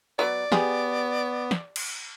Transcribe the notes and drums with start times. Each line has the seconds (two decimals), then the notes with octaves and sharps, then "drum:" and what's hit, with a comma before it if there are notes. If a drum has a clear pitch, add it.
0.19 F#3 B3 D5
0.52 B3 G4 G#4, drum: snare
1.51 drum: snare
1.76 drum: cymbal